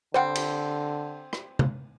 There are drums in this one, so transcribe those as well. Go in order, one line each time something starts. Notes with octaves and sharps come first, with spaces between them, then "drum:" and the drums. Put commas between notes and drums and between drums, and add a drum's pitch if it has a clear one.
D3 G3 C4 C5 F#5 G5
drum: cymbal
drum: rim click
drum: tom C3